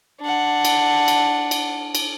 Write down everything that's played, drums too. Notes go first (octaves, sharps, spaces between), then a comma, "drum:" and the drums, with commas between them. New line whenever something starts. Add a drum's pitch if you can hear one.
D4 F#5
drum: cymbal
drum: cymbal
drum: cymbal
drum: cymbal